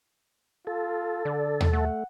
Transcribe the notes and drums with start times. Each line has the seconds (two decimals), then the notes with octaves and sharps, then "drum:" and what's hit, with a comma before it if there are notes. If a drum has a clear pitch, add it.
0.67 F4 A4
1.25 D3 D5
1.60 drum: tom D#2
1.73 A3 F#5